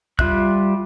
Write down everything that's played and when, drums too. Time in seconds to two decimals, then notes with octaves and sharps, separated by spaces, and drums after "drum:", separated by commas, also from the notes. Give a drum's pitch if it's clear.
0.19 G3 F4 E5 F#6, drum: kick